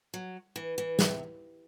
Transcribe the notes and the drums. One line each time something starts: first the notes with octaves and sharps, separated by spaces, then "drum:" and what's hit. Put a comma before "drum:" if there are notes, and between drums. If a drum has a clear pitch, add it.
F#3
E3
E3
C3, drum: snare